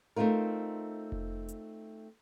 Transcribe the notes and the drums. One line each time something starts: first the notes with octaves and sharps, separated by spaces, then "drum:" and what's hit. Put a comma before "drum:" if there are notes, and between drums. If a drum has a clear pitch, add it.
A3 C4 D#4 F4 A#4
drum: kick F1
drum: hi-hat